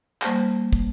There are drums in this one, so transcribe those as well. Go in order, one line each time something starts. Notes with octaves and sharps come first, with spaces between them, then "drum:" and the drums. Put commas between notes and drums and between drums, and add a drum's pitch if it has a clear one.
G3 A#3 C5 A5 A#6, drum: clap
drum: kick